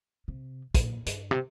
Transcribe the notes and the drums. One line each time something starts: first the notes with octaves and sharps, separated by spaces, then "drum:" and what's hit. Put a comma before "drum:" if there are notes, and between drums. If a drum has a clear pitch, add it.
C3
A#2, drum: kick, hi-hat
G2, drum: hi-hat
C3